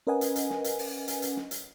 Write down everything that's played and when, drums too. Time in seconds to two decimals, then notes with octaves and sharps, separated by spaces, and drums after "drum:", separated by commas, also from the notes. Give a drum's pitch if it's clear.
0.07 C#4 A#4 B4 D#5 F#5 G#5
0.21 drum: hi-hat
0.36 drum: hi-hat
0.50 drum: snare
0.64 drum: hi-hat
0.79 drum: open hi-hat
1.08 drum: hi-hat
1.22 drum: hi-hat
1.36 drum: snare
1.51 drum: hi-hat